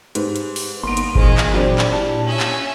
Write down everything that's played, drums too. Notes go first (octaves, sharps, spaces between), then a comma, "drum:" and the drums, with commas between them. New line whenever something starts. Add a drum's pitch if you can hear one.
G#2 G4 B4 C5, drum: hi-hat
drum: hi-hat
drum: open hi-hat
G1 A#3 B3 D#4 C6 D7
drum: hi-hat
A#2 D#3 E3 G#3 G#4 C5, drum: kick G1
drum: clap
F#3 G3 C4 D4
drum: clap
D4 E4 G4 A5
C#4 E5
drum: clap